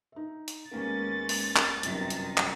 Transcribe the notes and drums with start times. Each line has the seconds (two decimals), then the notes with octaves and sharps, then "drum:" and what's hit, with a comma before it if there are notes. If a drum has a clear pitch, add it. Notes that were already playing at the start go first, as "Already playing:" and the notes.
0.12 D#4 E5
0.48 drum: hi-hat
0.71 D#2 G#3 A#3 B3 C#4 A6
1.29 drum: open hi-hat
1.56 drum: clap
1.83 G1 F#2 C3 D#3 D#4, drum: hi-hat
2.10 drum: hi-hat
2.38 drum: clap